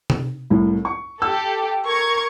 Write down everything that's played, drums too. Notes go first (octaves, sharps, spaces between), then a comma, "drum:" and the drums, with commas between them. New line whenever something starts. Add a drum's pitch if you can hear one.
drum: tom C3
C2 A2
C#6
G4 A4 E6
A#4 C#6 G#6